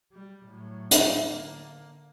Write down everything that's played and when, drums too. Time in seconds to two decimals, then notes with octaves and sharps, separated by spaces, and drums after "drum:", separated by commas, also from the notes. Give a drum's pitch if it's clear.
0.12 G3
0.46 A2 F#3
0.91 drum: hi-hat
1.25 D3 A#3